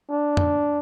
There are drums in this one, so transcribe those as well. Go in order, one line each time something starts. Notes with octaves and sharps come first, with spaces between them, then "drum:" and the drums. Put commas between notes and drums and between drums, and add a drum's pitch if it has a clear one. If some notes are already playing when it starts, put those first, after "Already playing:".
D4
drum: tom